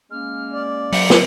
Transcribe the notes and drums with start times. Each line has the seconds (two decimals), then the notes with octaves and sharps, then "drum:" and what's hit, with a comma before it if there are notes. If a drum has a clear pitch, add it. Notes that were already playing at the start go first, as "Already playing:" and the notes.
0.11 G#3 A#3 C#4 F6
0.52 D5
0.92 F#3 C#7, drum: open hi-hat
1.10 drum: snare